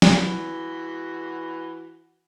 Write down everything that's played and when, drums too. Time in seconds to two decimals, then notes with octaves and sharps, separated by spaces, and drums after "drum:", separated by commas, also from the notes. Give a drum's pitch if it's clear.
0.02 drum: snare
0.13 E3 F#4